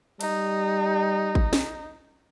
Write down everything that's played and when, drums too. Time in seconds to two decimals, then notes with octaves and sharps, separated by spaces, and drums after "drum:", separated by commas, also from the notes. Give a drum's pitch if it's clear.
0.21 G3 D#4, drum: cymbal
1.35 drum: kick G#1
1.53 drum: snare